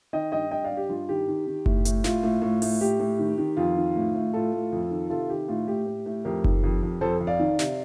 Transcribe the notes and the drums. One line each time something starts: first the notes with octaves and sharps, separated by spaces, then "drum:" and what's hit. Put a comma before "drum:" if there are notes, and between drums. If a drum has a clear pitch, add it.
D#3 D#5 G5
G2 D#5 G5
G2 D#5 G5
D5 F5
G2
G4
G2 F4
D#3 G4
D#3
D#3
A2, drum: kick F#1
A2, drum: hi-hat
A2 F4, drum: snare
A2
A2
A2, drum: open hi-hat
A2 G4
A2
D#3
D#3
F2 F4
D#3
A2
A2
A2 F4 A4
A2
F2
D#3
C3 F4 A4
D#3 G4
A2 F4
A2 G4
A2
A2
F2 G4 A#4
D#3, drum: kick F#1
F2
F2
F2 A4 C5
F2
D5 F5
D#3
C3, drum: snare